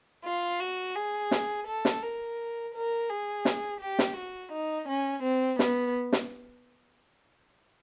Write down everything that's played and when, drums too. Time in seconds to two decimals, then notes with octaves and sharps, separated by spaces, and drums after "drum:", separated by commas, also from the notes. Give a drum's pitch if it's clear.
0.25 F4
0.60 F#4
0.96 G#4
1.31 drum: snare
1.67 A4
1.85 drum: snare
2.03 A#4
2.74 A#4
3.10 G#4
3.45 drum: snare
3.81 G4
3.99 drum: snare
4.17 F#4
4.52 D#4
4.88 C#4
5.23 C4
5.59 B3, drum: snare
6.13 drum: snare